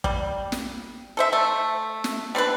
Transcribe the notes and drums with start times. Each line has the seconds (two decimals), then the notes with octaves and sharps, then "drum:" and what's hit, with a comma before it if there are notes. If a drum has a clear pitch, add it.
0.04 G3, drum: kick
0.52 drum: snare
1.17 A4 C5 E5
1.33 A3
2.04 drum: snare
2.35 G3 C4 D4 B4